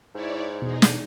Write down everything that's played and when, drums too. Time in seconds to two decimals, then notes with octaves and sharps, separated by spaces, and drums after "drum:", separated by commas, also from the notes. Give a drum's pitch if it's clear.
0.14 G#2 E4 C#5 D5
0.62 E2 B2 D#4 G#4
0.82 drum: snare